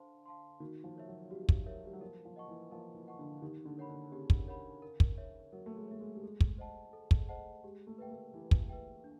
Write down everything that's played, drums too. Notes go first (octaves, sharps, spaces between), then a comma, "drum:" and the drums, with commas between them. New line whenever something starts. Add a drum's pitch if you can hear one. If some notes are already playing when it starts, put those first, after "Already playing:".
Already playing: D3 C5 F5 A5 C6
F5 A5 C6
D#3 F#4
F3
A#4 C#5 E5
F#3
G3 F#4
drum: kick
A#4 C#5 E5
G3
F#3
F3 A#4
F3
D#5 F#5 A5 C#6
E3
F3 A#4
E3
D#5 F#5 A5 C#6
D3
D#3 G4
D3
A#4 C#5 F#5 B5
D3
C#3 G4
drum: kick
A#4 C#5 F#5 B5
A#4
drum: kick
C#5 E5
F#3 A#4
A3
G#3
A3 C#5 E5
G#3
G3
G#3 A4
drum: kick
C5 D#5 F#5 A5
A4
drum: kick
C5 D#5 F#5 A5
G#3 G4
A3
A#3 B4 E5 G5
A3
E3 G4
drum: kick
B4 E5 G5
D4